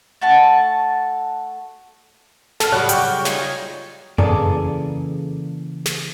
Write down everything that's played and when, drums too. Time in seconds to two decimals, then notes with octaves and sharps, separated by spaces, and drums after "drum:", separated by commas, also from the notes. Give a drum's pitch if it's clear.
0.21 A3 F#4 A5
2.60 A4 F6, drum: snare
2.72 C#3 F#3 G3 F#4 C#5 B5 D6 F#6
2.89 G5 C#6, drum: hi-hat
3.25 D#4 F4 G#5, drum: snare
4.18 C#3 E3 A#3 G#4 A4 D5, drum: tom F2
5.86 drum: snare